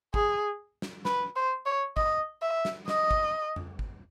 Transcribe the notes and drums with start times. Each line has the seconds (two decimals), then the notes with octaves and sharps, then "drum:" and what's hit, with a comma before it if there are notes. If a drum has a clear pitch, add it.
0.14 G#4, drum: kick
0.82 drum: snare
1.05 B4, drum: snare
1.36 C5
1.66 C#5
1.97 D#5, drum: kick
2.42 E5
2.65 drum: snare
2.88 D#5, drum: snare
3.11 drum: kick
3.56 drum: tom F2
3.79 drum: kick